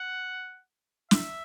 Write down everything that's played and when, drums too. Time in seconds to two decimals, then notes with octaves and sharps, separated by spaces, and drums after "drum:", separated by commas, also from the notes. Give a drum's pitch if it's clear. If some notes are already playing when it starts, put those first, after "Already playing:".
Already playing: F#5
1.11 E5, drum: snare